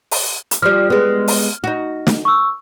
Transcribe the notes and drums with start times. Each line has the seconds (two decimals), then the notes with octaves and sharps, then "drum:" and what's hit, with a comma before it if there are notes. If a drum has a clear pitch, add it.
0.11 drum: open hi-hat
0.51 drum: hi-hat
0.62 F3 G3 F6
0.90 G#3 B3
1.28 drum: open hi-hat
1.64 D#4 F#4
2.07 drum: snare
2.25 C#6 E6